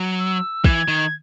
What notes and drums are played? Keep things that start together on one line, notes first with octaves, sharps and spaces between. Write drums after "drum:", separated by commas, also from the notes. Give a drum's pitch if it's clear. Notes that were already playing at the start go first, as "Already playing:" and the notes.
Already playing: F#3
E6
E3 G#6, drum: kick
D#3